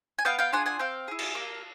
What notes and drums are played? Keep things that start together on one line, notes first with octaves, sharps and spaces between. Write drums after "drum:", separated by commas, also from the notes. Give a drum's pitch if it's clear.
G#5
B3 F5 G5
F5 G5
D4 F4 G#4 F#5 G#5
F#5 G#5
C4 F5 G5
E4 G#4
drum: cymbal
A#3